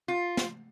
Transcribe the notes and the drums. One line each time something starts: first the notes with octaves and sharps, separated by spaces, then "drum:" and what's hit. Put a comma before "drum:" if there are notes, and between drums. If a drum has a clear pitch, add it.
F4
drum: snare